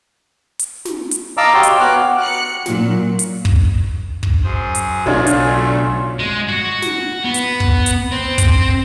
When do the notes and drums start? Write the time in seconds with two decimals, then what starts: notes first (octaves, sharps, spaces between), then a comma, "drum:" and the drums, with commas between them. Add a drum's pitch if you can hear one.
0.59 drum: hi-hat
0.85 drum: snare
1.11 drum: hi-hat
1.37 D#5 F5 A5 A#5 D6 E6
1.54 F#4 G4 C#5 G5 C6
1.63 drum: hi-hat
1.80 B3 F#4 D6 F6 F#6
2.21 F#6 C#7
2.66 A#2 F#3, drum: snare
3.19 drum: hi-hat
3.45 drum: kick
4.23 drum: kick
4.44 F#2 G#4 C5
4.75 drum: hi-hat
5.06 B1 C#3 F#3 A3 D4 F4 G#5
5.27 drum: hi-hat
6.19 G#3
6.49 F#4
6.82 drum: snare
7.25 B3
7.34 drum: hi-hat
7.60 drum: kick
7.86 drum: hi-hat
8.12 C4
8.38 drum: kick, hi-hat